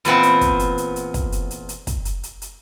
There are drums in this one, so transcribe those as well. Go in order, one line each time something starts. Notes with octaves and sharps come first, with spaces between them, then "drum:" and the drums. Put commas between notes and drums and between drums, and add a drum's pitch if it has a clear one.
E2 A#2 B3 C4, drum: hi-hat
drum: hi-hat
drum: kick, hi-hat
drum: hi-hat
drum: hi-hat
drum: hi-hat
drum: kick, hi-hat
drum: hi-hat
drum: hi-hat
drum: hi-hat
drum: kick, hi-hat
drum: hi-hat
drum: hi-hat
drum: hi-hat